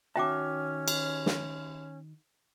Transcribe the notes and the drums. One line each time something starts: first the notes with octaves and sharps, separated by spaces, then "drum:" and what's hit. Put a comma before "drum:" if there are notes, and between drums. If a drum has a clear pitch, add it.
D#3 C#4 F#4 E5 G5 A5 D6
drum: cymbal
drum: snare